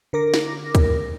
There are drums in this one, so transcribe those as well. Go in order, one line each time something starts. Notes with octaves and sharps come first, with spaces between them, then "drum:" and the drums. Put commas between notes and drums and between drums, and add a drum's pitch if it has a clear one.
D3 A#4 D6 A#6
drum: snare
drum: kick C#2, hi-hat